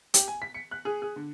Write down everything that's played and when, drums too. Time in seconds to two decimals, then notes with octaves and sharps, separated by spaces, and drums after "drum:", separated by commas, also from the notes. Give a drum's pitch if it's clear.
0.14 G4, drum: hi-hat
0.28 G#5
0.42 B6
0.55 C#7
0.71 F#6
0.85 G#4
1.02 G#4
1.16 D3